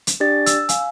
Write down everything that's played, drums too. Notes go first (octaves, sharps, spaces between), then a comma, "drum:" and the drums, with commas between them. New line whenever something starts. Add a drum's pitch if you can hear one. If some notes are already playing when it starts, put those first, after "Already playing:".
drum: hi-hat
D4 G4 D5 A6
E6, drum: hi-hat
F5 G#5, drum: hi-hat